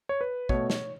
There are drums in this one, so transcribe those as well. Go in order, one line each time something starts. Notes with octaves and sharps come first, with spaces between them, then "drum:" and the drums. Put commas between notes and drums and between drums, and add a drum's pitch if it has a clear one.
C#5
B4
B2 A3 C#5, drum: kick
C#5, drum: snare